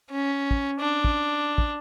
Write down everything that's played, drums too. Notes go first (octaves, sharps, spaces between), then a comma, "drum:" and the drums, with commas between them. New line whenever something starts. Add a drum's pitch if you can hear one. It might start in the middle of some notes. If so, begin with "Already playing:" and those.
C#4
drum: kick
D4
drum: kick
drum: kick